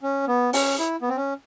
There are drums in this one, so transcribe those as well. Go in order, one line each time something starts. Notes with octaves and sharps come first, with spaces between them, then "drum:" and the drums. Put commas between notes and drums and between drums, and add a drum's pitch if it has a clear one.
C#4
B3
C#4, drum: open hi-hat
E4
B3
C4
C#4